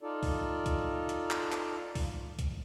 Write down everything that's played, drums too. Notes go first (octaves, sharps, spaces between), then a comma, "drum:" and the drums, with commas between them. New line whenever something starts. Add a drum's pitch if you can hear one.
D#4 F4 A4 D5
drum: kick C2, open hi-hat
drum: kick C2, hi-hat
drum: hi-hat
drum: clap
drum: clap
drum: kick C2, open hi-hat
drum: kick C2, hi-hat